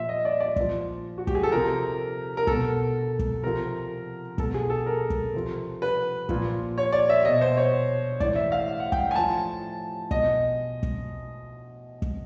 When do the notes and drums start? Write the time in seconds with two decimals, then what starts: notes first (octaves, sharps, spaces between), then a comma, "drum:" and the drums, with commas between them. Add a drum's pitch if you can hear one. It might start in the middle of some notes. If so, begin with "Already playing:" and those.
Already playing: A#2 F3 E5
0.09 D#5
0.25 D5
0.40 D5
0.56 A#2 F3, drum: kick
1.18 F#4
1.27 G4, drum: kick
1.35 G#4
1.43 A4
1.52 C3 F3 A#4
2.37 A#4
2.47 B2 A4, drum: kick
3.19 drum: kick
3.43 C3 F3 A#4
4.38 B2 A4, drum: kick
4.54 G#4
4.70 A4
4.86 A#4
5.10 drum: kick
5.34 C3 F3
5.82 B4
6.29 A#2 F3, drum: kick
6.78 C#5
6.92 D5
7.09 E5
7.25 B2 D#5
7.41 C5
7.57 C#5
8.20 A2 E3 D5, drum: kick
8.36 E5
8.52 F5
8.80 F#5
8.92 G5, drum: kick
9.11 G#5
9.15 A2 F3 A5
10.11 B2 D#5, drum: kick
10.83 drum: kick
12.02 drum: kick